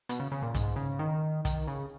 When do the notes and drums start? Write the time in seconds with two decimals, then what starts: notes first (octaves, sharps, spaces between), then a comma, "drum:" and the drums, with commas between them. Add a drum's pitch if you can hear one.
0.09 B2, drum: hi-hat
0.20 C#3
0.32 C#3
0.42 A#2
0.54 G#2, drum: kick, hi-hat
0.76 C#3
0.99 D#3
1.45 D#3, drum: kick, hi-hat
1.67 C#3